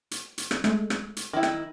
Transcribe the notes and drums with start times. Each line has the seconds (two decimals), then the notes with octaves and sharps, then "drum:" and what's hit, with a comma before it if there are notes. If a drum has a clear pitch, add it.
0.11 drum: hi-hat
0.38 drum: hi-hat
0.51 drum: rim click
0.64 G#3 A3, drum: rim click
0.90 drum: rim click
1.17 drum: hi-hat
1.33 D#3 E4
1.43 drum: rim click